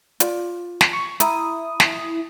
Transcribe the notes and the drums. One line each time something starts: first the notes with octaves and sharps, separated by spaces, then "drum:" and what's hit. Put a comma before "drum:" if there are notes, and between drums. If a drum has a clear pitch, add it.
F4 D5, drum: hi-hat
drum: snare
C#6
E4 A#5 D#6, drum: hi-hat
drum: snare